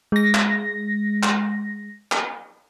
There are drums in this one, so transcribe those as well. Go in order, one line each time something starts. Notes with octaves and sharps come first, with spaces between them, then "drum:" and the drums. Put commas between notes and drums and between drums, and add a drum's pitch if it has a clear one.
G#3 A#6
drum: clap
drum: clap
drum: clap